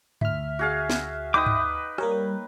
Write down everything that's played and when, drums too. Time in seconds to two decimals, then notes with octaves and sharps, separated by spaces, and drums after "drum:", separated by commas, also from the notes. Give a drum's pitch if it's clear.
0.21 D2 E5 F6, drum: tom G2
0.59 F#4 G#4 F5
0.90 drum: snare
1.34 D#4 B4 G5 D6 D#6
1.46 drum: tom G2
1.98 G3 A#3 A#4 C#5, drum: rim click